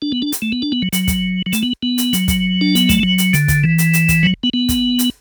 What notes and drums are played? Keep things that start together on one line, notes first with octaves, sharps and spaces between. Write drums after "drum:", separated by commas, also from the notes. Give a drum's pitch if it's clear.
D4
B3
D4
drum: hi-hat
A3
B3
D4
B3
F#3
F#3, drum: hi-hat
drum: kick, hi-hat
F#3
A3, drum: hi-hat
B3
B3
drum: hi-hat
F#3, drum: hi-hat
drum: kick, hi-hat
D4
B3, drum: hi-hat
A3, drum: kick, hi-hat
F#3
drum: hi-hat
D3, drum: hi-hat
drum: kick, hi-hat
E3
drum: hi-hat
drum: hi-hat
drum: kick, hi-hat
F#3
B3
B3
drum: kick, hi-hat
drum: hi-hat